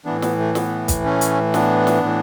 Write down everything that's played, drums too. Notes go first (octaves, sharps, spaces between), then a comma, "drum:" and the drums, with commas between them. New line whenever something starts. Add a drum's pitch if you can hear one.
A2 E3 B3 D4
B3, drum: snare
A3
B3, drum: snare
drum: kick, hi-hat
A3 C#4
drum: hi-hat
B3 D4, drum: snare
drum: snare
A2 E3